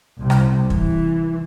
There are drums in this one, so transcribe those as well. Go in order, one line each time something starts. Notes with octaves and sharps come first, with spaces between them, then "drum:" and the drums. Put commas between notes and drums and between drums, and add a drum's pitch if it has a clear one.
C2 C3
drum: rim click
E3, drum: kick